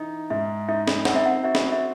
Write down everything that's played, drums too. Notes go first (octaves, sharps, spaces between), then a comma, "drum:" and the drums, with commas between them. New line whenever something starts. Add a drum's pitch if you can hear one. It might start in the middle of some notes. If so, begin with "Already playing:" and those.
Already playing: E3 D#4 D#5
G#2 E5
D#4 E5
drum: snare
C4 F#5, drum: snare
E5
F#5
F#4 E5
drum: snare
E5